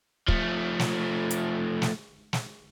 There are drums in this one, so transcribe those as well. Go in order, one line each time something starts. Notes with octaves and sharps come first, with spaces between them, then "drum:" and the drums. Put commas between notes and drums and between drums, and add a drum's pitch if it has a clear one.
F3 A3, drum: kick
drum: snare
drum: hi-hat
drum: snare
drum: snare